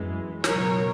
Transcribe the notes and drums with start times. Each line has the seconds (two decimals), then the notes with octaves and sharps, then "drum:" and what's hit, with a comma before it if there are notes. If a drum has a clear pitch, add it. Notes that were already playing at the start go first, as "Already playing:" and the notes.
Already playing: F#2 E3 G#3 B3
0.44 C#2 B2 F#3 A#4 C#5, drum: snare